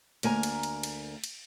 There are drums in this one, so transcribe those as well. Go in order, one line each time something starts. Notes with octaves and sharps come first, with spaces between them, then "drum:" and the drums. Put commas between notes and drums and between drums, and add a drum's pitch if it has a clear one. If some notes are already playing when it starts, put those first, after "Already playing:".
D2 A#3 G#5 A#5, drum: cymbal
drum: cymbal
drum: cymbal
drum: cymbal
drum: cymbal